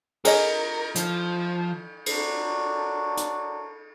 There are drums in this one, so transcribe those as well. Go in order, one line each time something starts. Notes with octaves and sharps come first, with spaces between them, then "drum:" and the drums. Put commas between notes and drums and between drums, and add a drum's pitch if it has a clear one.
G#4 A#4 C#5 D#5, drum: cymbal
F3, drum: hi-hat
D4 F#4 A#4 C#5 D5, drum: cymbal
drum: hi-hat